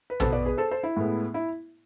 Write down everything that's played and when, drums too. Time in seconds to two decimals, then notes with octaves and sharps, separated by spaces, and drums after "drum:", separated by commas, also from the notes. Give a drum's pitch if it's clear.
0.10 B4
0.20 B2 B3 A4 C5, drum: tom A#1
0.32 B4 D5
0.45 G#4 B4
0.58 A4 C5
0.71 A4 C5
0.83 E4
0.97 A2 G#3 B3
1.34 E4